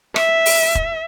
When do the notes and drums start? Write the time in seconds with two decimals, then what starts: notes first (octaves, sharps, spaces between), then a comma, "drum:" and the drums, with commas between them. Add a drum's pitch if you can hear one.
0.16 E5, drum: rim click
0.46 drum: open hi-hat
0.75 drum: kick E1